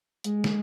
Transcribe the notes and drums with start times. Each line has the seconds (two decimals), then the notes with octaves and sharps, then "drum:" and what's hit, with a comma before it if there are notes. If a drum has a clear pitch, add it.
0.24 G#3, drum: hi-hat
0.44 drum: snare